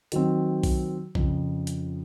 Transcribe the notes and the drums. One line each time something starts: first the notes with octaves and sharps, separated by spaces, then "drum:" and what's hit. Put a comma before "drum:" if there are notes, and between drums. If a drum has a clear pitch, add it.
D#3 F#3 C4, drum: hi-hat
drum: kick B1, open hi-hat
F2 C#3 F3, drum: kick B1
drum: hi-hat